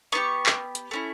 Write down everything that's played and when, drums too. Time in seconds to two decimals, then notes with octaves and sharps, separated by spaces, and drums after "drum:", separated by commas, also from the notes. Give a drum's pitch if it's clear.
0.12 B3 D4 G4 C#6
0.46 drum: clap
0.75 drum: hi-hat
0.91 A3 C#4 E4